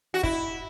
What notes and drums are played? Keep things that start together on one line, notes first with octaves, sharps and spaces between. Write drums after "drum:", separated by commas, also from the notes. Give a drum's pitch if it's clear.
F#4
E4, drum: kick